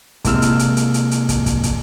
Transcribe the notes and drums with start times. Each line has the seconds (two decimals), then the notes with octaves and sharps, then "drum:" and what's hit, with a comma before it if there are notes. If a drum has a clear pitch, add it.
0.25 C3 G#3 A#3 E4 E6 F6, drum: kick, hi-hat
0.42 drum: hi-hat
0.59 drum: hi-hat
0.77 drum: hi-hat
0.94 drum: hi-hat
1.11 drum: hi-hat
1.29 drum: kick, hi-hat
1.46 drum: kick, hi-hat
1.63 drum: kick, hi-hat